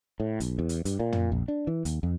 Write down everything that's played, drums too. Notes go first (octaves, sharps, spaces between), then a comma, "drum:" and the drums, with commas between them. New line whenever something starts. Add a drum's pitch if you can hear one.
A2
B1, drum: hi-hat
E2
drum: hi-hat
G2, drum: hi-hat
A#2
drum: tom
A#1
D4
E3
D#2, drum: hi-hat
F2